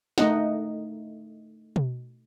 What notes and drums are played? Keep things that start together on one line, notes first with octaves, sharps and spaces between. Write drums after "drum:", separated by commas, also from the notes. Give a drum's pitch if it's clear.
A3 D#4 D#5 F#5, drum: snare
drum: tom B2